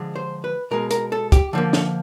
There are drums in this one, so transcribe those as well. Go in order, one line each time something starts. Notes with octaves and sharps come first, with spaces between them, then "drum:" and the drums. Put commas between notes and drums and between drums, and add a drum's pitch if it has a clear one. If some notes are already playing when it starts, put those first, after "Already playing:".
Already playing: D3 F3 G#3
C5
B4
B2 G#3 A#4
A#4, drum: hi-hat
A4
G4, drum: kick, hi-hat
D3 F3 A#3
drum: snare